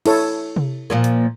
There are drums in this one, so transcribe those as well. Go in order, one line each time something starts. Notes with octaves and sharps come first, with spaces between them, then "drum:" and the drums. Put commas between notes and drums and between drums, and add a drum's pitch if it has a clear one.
E4 A4 C#5, drum: cymbal
drum: tom C3
A#2 F3 A#3
drum: hi-hat